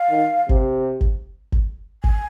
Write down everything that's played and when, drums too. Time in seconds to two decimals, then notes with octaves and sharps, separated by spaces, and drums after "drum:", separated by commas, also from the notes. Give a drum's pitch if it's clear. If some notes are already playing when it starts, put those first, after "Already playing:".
Already playing: F5
0.10 D#3
0.49 C3, drum: kick G1
1.01 drum: kick G1
1.52 drum: kick G1
2.04 G#5, drum: kick G1